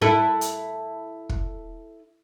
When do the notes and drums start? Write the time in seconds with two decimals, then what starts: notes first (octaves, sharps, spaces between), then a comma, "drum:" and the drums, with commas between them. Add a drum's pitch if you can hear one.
0.02 E4 A4 B4
0.41 drum: hi-hat
1.29 drum: kick